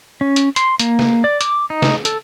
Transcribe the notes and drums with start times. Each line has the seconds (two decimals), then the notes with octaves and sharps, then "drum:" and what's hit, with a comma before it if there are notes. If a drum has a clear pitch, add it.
0.21 C#4
0.36 drum: hi-hat
0.56 C6, drum: hi-hat
0.79 A#3, drum: hi-hat
0.99 drum: snare
1.24 D5
1.41 D6, drum: hi-hat
1.70 D#4
1.82 drum: snare
2.05 A4, drum: hi-hat